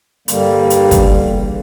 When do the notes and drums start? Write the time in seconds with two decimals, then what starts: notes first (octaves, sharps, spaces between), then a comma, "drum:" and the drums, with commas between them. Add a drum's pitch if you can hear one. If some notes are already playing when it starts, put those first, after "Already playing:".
0.28 G2 D3 G3 A#3, drum: hi-hat
0.70 drum: hi-hat
0.91 drum: kick, hi-hat
1.12 E2 D3